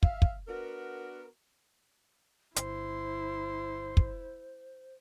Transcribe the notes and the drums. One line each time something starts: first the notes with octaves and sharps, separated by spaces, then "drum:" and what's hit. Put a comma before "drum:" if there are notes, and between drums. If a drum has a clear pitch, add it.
E5 F5, drum: kick
drum: kick
B3 D4 F#4 A#4
G1 E4 C5 C6, drum: hi-hat
drum: kick